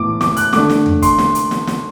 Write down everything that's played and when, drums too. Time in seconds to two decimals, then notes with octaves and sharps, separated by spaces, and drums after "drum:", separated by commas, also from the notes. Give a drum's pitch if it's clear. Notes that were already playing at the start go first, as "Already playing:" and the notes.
Already playing: A2 E3 B3 D6
0.21 D6, drum: snare
0.36 F#6, drum: hi-hat
0.53 D3 A3 D4 D6, drum: snare
0.70 drum: snare
0.86 drum: tom E2
1.02 C6, drum: kick, hi-hat
1.18 drum: snare
1.35 drum: hi-hat
1.51 drum: snare
1.67 drum: snare